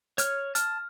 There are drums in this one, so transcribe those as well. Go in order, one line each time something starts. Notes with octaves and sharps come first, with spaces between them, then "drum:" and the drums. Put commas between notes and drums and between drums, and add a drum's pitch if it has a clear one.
C#5 F6, drum: hi-hat
A5 F6, drum: hi-hat